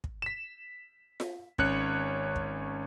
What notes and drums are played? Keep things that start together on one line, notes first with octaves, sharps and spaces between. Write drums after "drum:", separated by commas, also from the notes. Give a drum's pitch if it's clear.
drum: kick
B6 E7
drum: snare F4
G#1 C#4 C#5 F#6 C#7, drum: kick
drum: kick